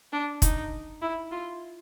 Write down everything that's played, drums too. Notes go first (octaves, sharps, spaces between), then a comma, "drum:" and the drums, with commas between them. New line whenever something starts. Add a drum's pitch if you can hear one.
D4
D#4, drum: kick, hi-hat
E4
F4